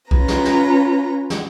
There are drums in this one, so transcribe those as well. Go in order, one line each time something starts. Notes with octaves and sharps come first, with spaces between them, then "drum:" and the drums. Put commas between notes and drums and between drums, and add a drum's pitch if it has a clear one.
C#4 F4 B4 A#5, drum: kick B1
drum: snare
drum: snare
drum: snare